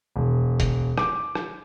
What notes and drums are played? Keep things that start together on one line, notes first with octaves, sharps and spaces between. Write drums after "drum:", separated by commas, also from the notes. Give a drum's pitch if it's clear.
E1
drum: kick, hi-hat
D6, drum: rim click
drum: rim click